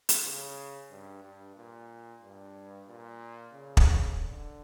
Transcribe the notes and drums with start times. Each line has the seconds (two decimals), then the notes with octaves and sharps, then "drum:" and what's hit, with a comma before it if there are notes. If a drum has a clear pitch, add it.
0.09 drum: hi-hat
0.24 C#3
0.90 G2
1.23 G2
1.56 A#2
2.22 G2
2.88 A#2
3.53 C#3
3.77 drum: kick
4.19 D3